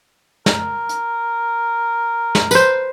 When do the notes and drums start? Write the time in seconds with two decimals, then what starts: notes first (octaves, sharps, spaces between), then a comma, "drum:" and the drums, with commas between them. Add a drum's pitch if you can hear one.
0.46 A#4, drum: snare
0.89 drum: hi-hat
2.35 drum: snare
2.51 B4 C5, drum: tambourine